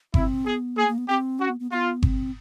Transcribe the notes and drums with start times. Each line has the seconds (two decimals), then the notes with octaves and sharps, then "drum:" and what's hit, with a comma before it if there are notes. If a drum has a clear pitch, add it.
0.14 C4 E4, drum: kick G1
0.45 B3 G#4
0.76 A#3 G#4
0.88 A#3
0.98 B3
1.08 C4 G4
1.39 C#4 F#4
1.49 B3
1.60 B3
1.71 B3 F4
2.03 C4, drum: kick G1